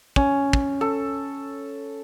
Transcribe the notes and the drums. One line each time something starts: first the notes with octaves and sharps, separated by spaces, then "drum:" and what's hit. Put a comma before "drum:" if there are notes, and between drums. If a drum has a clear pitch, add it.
C#4, drum: kick
drum: kick
A4